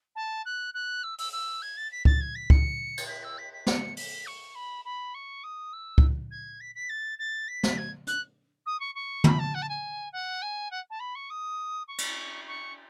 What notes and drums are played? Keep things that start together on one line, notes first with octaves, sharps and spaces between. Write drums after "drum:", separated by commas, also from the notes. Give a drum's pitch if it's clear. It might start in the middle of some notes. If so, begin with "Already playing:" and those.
A5
F#6
F#6
E6
E6, drum: open hi-hat
E6
G#6
A6
B6
A6, drum: kick C#2
G#6
B6
C#7, drum: kick C#2
drum: cymbal
B6
E6
B6
B6
C#7, drum: snare
B6, drum: open hi-hat
C#6
B5
B5
C#6
D#6
E6
drum: kick C#2
G#6
B6
B6
A6
A6
B6
drum: snare
G#6
F#6, drum: hi-hat
D#6
C#6
C#6
B5, drum: tom
A5
F#5
A5
G#5
F#5
G#5
F#5
A5
B5
C#6
D#6
C#6
drum: cymbal
C#6